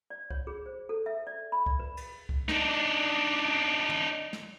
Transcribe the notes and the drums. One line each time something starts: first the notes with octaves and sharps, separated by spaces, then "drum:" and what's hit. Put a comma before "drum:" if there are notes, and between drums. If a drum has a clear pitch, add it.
D5
C#5, drum: kick C2
G#4
C5
A4
E5
D5
B5
D5, drum: kick C2
B4
drum: cymbal
drum: kick C2
D4 D#4, drum: snare
drum: tom
drum: snare